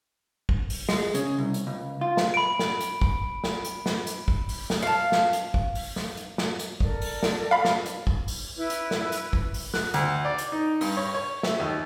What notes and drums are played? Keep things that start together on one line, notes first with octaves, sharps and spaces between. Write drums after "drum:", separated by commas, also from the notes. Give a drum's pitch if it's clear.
drum: kick
drum: open hi-hat
G#3, drum: snare
C#3, drum: hi-hat
C2
drum: hi-hat
C#2
F4
drum: snare
B5 D7
drum: snare
drum: hi-hat
drum: kick
drum: snare
drum: hi-hat
drum: snare
drum: hi-hat
drum: kick
drum: open hi-hat
drum: snare
F5 A5
drum: snare
drum: hi-hat
drum: kick
drum: open hi-hat
drum: snare
drum: hi-hat
drum: snare
drum: hi-hat
A4 A#4 D5, drum: kick
drum: open hi-hat
drum: snare
F5 B5
drum: snare
drum: hi-hat
drum: kick
drum: open hi-hat
E4 B4
drum: hi-hat
drum: snare
drum: hi-hat
drum: kick
drum: open hi-hat
F#6, drum: snare
D2, drum: hi-hat
D5
drum: hi-hat
D#4
G2, drum: open hi-hat
C#5
C#5
E5, drum: snare
D#2